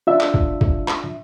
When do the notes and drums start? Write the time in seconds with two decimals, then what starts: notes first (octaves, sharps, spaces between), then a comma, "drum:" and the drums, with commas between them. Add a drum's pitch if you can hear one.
0.07 D4 F4 E5
0.20 drum: clap
0.34 drum: kick
0.61 drum: kick
0.88 drum: clap